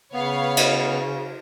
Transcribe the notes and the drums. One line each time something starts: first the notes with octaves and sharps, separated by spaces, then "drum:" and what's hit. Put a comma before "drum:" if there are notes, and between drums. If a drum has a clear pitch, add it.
C#3 B3 B4 C#5 F5
drum: cymbal